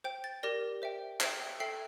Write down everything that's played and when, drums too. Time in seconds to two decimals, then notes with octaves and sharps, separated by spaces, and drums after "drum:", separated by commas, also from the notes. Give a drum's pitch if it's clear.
0.04 C5 G5 G6
0.24 A6
0.43 G4 A#4 D5 A#6
0.82 C5 E5 G5
1.21 C5 E5 G5 C7, drum: clap
1.60 A4 E5 G5 C7